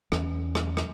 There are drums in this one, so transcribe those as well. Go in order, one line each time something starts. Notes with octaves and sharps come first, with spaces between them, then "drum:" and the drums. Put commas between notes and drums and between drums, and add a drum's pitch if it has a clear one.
E2 E3 C#4, drum: rim click
drum: rim click
drum: rim click